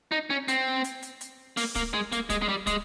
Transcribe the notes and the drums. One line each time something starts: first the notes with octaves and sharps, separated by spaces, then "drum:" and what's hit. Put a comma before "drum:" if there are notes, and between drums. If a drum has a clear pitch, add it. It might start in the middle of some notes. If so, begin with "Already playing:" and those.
D#4
C#4
C4, drum: hi-hat
drum: hi-hat
drum: hi-hat
drum: hi-hat
A#3, drum: open hi-hat
A#3, drum: kick, hi-hat
G#3
A#3, drum: hi-hat
G#3, drum: kick, hi-hat
G#3
G3
G#3, drum: kick, hi-hat